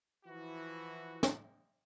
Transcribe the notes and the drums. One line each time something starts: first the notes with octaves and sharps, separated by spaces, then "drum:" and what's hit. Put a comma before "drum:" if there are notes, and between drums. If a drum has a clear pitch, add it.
E3 F3 E4 F#4
drum: snare